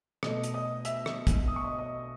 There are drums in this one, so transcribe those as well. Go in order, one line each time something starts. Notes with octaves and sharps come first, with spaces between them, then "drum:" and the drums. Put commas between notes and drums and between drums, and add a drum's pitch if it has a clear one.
B2 A3 D#5 D#6, drum: rim click
drum: hi-hat
D#5 D#6
E5 E6, drum: hi-hat
drum: rim click
drum: kick, hi-hat
D#6
C#6
D#5 D#6
D#5 D#6